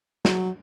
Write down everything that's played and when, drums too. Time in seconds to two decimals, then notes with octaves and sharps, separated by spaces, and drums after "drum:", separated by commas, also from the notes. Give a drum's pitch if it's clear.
0.25 F#3, drum: snare